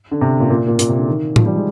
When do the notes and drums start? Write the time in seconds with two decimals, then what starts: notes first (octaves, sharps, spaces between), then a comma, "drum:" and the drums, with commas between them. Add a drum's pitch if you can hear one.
0.11 D3
0.21 C3
0.40 A#2
0.50 A#2
0.67 A#2
0.79 A#2, drum: hi-hat
0.89 C3
0.98 D3
1.07 D#3
1.36 F3, drum: tom A2
1.46 G3
1.56 G#3